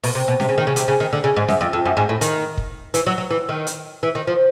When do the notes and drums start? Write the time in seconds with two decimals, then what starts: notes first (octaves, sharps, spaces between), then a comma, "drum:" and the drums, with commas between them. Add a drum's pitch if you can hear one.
0.04 B2, drum: open hi-hat
0.15 C3
0.28 B2
0.40 C3, drum: snare C#4
0.49 C#3
0.58 D#3
0.67 C#3
0.76 C3, drum: hi-hat
0.88 C#3
1.00 D#3
1.13 D3
1.24 C#3
1.36 G#2
1.48 F#2, drum: snare C#4
1.61 F2
1.73 F2
1.85 F#2
1.97 G#2
2.09 A2
2.21 D#3, drum: hi-hat
2.58 drum: kick
2.94 E3, drum: hi-hat
3.06 F#3
3.18 F#3
3.31 E3
3.49 D#3
3.67 drum: hi-hat
4.03 E3
4.15 D#3
4.27 F3